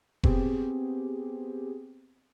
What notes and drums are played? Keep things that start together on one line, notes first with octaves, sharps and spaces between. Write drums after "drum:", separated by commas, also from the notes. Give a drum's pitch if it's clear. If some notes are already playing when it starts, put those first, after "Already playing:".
B3 C4 G4 G#4, drum: kick F1